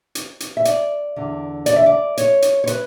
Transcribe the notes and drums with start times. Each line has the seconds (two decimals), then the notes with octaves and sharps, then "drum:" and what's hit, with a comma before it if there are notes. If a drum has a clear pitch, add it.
0.15 drum: hi-hat
0.40 drum: hi-hat
0.57 E5
0.65 D5, drum: hi-hat
1.16 E2 D3
1.66 D5, drum: hi-hat
1.76 E5
1.86 D5
2.17 C#5, drum: hi-hat
2.42 drum: hi-hat
2.64 C#5
2.67 B4, drum: hi-hat